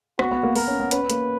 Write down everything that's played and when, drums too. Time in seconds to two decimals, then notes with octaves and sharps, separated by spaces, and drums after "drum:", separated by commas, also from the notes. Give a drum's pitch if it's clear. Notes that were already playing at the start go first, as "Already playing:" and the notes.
0.19 B3 F#4, drum: rim click
0.31 B3
0.43 A#3
0.55 A#3 A#4, drum: open hi-hat
0.68 C#4
0.80 B3
0.91 C#4 B4, drum: hi-hat
1.10 A#3, drum: hi-hat